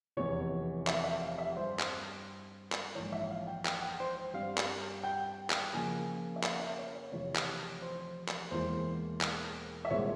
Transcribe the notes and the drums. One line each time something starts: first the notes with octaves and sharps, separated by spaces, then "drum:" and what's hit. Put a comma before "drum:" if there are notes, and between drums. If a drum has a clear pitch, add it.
F1 E2 C3 C#5
E5, drum: clap
E5
F5
E5
G2 G3 C4 C5
drum: clap
drum: clap
A#1 G#2 E3 C#5
E5
F5
G5
G5, drum: clap
G5
C5
G2 G3 C4 F5
drum: clap
G5
drum: clap
F2 C#3 F3 A#3 G#5
E5
F5, drum: clap
E5
C#5
C#5
F1 F2 C3 E3 C#5
drum: clap
C5
drum: clap
E1 E2 E3 A#3 C5
drum: clap
E5
C2 A#2 G#3 C4 C#5